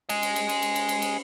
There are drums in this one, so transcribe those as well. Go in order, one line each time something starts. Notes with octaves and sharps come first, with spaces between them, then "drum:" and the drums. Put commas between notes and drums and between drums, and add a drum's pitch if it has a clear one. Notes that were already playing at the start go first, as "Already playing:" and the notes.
G#4 D#5, drum: cymbal
drum: cymbal
drum: cymbal
drum: cymbal
drum: cymbal
drum: cymbal
drum: cymbal
drum: cymbal